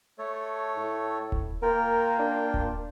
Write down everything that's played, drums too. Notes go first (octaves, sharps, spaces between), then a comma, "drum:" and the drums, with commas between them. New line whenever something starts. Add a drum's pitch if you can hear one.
A3 A4 C#5
A2
drum: kick D#1
A#3 F4 A#4 G5
D4
drum: kick D#1